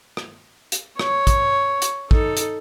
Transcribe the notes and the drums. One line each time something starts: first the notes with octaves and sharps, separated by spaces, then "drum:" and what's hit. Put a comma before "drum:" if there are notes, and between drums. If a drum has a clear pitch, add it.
drum: rim click
drum: hi-hat
C#5, drum: rim click
drum: kick, hi-hat
drum: hi-hat
D#4 A4, drum: kick
drum: hi-hat